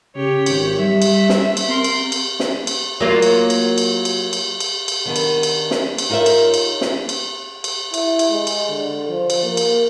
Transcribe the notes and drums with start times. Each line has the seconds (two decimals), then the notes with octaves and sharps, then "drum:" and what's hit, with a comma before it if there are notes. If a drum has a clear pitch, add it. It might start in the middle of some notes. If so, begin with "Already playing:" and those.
0.16 C#3 G4 C#5
0.46 G#1, drum: cymbal
0.79 G3 E5
1.02 drum: cymbal
1.29 drum: snare
1.57 drum: cymbal
1.68 C4 A#4 C6
1.84 drum: cymbal
2.12 drum: cymbal
2.40 drum: snare
2.67 drum: cymbal
3.01 F#3 A#3 F4
3.22 drum: cymbal
3.50 drum: cymbal
3.78 drum: cymbal
4.05 drum: cymbal
4.33 drum: cymbal
4.60 drum: cymbal
4.88 drum: cymbal
5.06 D#3 B3 D4
5.16 drum: cymbal
5.43 drum: cymbal
5.71 drum: snare
5.98 drum: cymbal
6.10 D#4 F4 A#4 C#5 E5
6.26 drum: cymbal
6.54 drum: cymbal
6.81 drum: snare
7.09 drum: cymbal
7.64 drum: cymbal
7.94 E4, drum: cymbal
8.19 drum: cymbal
8.31 G#3
8.47 drum: cymbal
8.71 D3
9.09 F3
9.30 drum: cymbal
9.44 A#3
9.57 drum: cymbal